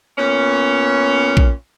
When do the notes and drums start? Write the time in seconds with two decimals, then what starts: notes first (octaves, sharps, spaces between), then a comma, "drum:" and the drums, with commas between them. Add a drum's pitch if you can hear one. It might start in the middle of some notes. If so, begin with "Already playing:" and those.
0.18 A#2 B3 C#4
1.37 drum: kick A#1